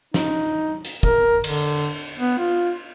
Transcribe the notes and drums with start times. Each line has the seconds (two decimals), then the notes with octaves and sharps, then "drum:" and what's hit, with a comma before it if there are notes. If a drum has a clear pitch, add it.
0.14 D#4, drum: snare
0.85 drum: hi-hat
1.03 A#4, drum: kick
1.44 D3, drum: cymbal
2.20 B3
2.39 F4